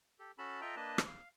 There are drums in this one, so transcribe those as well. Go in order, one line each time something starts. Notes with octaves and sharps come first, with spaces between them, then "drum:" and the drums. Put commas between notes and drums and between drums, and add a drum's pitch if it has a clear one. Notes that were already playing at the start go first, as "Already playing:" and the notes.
G4 A4
C#4 F#4 A4 A5 B5
F4 A4 D#5 E5 G5 A#5
A#3 D4 B4 D#5 A5
drum: rim click
F5